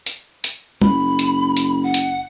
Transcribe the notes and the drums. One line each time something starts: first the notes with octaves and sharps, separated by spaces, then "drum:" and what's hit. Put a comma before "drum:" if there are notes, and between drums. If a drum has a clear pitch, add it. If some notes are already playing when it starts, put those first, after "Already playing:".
drum: hi-hat
drum: hi-hat
F#1 B5, drum: tom G3
drum: hi-hat
drum: hi-hat
F#5
drum: hi-hat